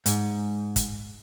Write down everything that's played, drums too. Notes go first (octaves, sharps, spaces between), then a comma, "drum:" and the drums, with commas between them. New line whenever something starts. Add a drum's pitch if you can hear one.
G#2, drum: hi-hat
drum: kick, hi-hat